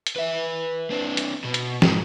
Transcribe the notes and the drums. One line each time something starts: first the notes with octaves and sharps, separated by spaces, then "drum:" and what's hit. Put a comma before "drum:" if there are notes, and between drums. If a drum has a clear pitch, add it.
drum: hi-hat
B4 E5
C4 D4
drum: hi-hat
B2
drum: hi-hat
G#2, drum: snare